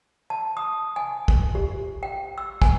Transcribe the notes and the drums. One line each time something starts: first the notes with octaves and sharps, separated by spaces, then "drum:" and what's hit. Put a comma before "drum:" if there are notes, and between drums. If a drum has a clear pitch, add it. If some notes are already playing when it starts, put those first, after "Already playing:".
A5
D#6
G#5
drum: kick
G4
G5
E6
G#5, drum: kick